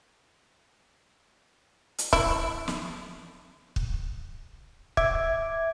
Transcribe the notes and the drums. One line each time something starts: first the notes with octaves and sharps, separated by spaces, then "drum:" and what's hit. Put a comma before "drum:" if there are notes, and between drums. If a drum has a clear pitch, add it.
drum: hi-hat
E4, drum: kick
drum: snare
drum: kick
E5 D6 G#6, drum: kick